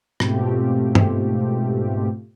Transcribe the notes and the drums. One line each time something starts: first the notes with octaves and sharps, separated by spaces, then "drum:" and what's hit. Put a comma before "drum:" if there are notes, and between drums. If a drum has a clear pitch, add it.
G#2 B2 A3 C4 F4 G4, drum: rim click
drum: tom G2